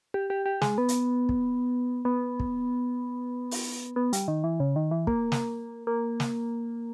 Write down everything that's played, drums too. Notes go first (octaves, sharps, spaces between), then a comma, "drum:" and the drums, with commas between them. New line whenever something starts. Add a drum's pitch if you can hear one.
G4
G4
G4
G#3, drum: snare
B3
drum: hi-hat
drum: kick
B3
drum: kick
drum: open hi-hat
B3
G3, drum: hi-hat
D#3
E3
C#3
D#3
E3
A#3, drum: kick
drum: snare
A#3
drum: snare